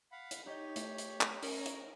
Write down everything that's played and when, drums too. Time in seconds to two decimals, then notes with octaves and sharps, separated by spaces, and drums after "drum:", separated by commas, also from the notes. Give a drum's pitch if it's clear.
0.12 F5 F#5 B5
0.31 drum: hi-hat
0.46 D#4 G4 C#5 D#5
0.76 A3, drum: hi-hat
0.98 drum: hi-hat
1.21 drum: clap
1.43 C#4 A#4, drum: open hi-hat
1.54 C#5 A#5
1.66 drum: hi-hat